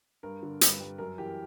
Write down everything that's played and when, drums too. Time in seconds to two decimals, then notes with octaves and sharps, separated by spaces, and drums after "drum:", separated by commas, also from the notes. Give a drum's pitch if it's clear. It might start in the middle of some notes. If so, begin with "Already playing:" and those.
0.23 G2 A#4
0.43 D3
0.61 G2 B4, drum: hi-hat
0.80 G3
0.98 F#2 A#4
1.18 E3 G4